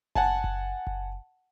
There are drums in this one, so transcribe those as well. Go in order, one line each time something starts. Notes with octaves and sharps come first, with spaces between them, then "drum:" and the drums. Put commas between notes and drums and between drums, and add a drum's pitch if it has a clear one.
F#5 G#5 A5, drum: kick F#1
drum: kick F#1
drum: kick F#1